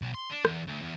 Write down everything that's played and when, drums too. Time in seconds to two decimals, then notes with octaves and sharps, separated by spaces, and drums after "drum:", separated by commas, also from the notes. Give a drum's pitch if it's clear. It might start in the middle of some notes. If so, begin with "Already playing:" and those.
0.02 B1
0.14 C6
0.30 D4
0.45 E2, drum: rim click
0.67 D2
0.82 E2